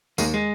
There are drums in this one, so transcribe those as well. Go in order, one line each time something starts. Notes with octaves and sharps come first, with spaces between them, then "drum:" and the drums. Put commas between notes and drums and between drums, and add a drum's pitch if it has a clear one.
D#2 G#3, drum: tambourine
G#3